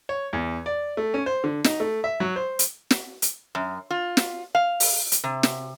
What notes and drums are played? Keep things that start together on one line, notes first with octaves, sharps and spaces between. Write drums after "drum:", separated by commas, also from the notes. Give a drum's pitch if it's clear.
C#5
E2
D5
A3
C#4
C5
D3
D#4, drum: snare
A3
E5
F#3
C5
drum: hi-hat
drum: snare
drum: hi-hat
F#2
F4
drum: snare
F5
drum: open hi-hat
drum: hi-hat
C3
drum: snare